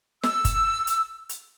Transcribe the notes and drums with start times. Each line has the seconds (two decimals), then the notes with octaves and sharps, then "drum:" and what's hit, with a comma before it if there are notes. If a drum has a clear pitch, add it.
0.23 E6, drum: snare
0.45 drum: kick, hi-hat
0.87 drum: hi-hat
1.29 drum: hi-hat